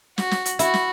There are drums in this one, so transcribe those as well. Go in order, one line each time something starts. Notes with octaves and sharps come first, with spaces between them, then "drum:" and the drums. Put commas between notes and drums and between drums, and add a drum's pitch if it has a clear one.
F#4, drum: snare
drum: snare
drum: hi-hat
E4 F#4, drum: hi-hat
drum: snare